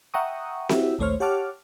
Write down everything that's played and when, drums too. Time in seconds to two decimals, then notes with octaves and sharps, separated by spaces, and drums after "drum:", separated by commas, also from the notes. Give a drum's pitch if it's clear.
0.14 E5 F#5 G5 A#5 C#6 D#6
0.69 E4 F#4 G4 E5, drum: snare C4
0.99 A#1 D#2 A3 C5 C#5 F6
1.20 G4 C#5 F#5 A5 D6 F6